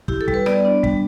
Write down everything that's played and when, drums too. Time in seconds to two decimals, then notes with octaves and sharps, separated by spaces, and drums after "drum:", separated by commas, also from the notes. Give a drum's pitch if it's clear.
0.08 E4 G4, drum: kick
0.21 A4
0.28 G3, drum: kick
0.34 B4
0.46 B3 D5, drum: rim click
0.65 D4
0.84 G3, drum: kick